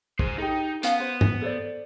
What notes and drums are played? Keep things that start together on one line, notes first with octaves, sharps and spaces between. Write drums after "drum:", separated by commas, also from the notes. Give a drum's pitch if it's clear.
G#4 C5, drum: kick
D#4 G4 A4
B3 C#4 F5 A5, drum: hi-hat
C5
drum: tom G2
A4 C5 D5